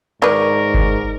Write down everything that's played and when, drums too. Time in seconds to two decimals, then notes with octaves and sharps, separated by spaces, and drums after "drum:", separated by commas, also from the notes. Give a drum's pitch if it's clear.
0.22 G#2 D#3 A#4 B4 D5 C#6 D6
0.74 drum: kick G1